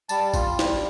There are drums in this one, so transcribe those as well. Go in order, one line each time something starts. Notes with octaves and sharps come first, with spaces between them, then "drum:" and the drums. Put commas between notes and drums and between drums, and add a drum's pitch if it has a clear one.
G3 A5, drum: tambourine
F4, drum: kick, tambourine
G3, drum: snare